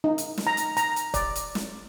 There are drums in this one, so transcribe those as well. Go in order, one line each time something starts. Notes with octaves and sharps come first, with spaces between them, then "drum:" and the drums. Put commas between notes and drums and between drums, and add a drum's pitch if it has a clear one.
D#4
drum: hi-hat
drum: snare
A#5
drum: hi-hat
A#5, drum: hi-hat
drum: hi-hat
D5, drum: kick, hi-hat
drum: hi-hat
drum: snare